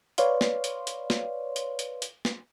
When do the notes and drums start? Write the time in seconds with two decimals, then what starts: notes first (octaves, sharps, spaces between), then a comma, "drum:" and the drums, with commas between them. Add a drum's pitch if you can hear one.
0.18 B4 C#5 D5 F5 C6, drum: hi-hat
0.41 drum: snare
0.64 drum: hi-hat
0.87 drum: hi-hat
1.10 drum: snare
1.56 drum: hi-hat
1.79 drum: hi-hat
2.02 drum: hi-hat
2.25 drum: snare